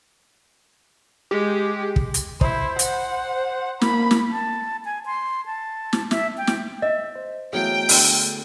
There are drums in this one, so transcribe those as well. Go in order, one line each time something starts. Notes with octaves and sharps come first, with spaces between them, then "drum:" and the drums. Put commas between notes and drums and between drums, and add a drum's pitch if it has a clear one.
G#3 G4
drum: kick
drum: hi-hat
E4 C5, drum: kick
F#5, drum: hi-hat
A#3 B5, drum: snare
drum: snare
A5
G#5
C6
A5
drum: snare
E5, drum: snare
G5
drum: snare
D#5 E5
C5
E3 F#3 A3 B3 G#4 F5 G5
D3 A4, drum: open hi-hat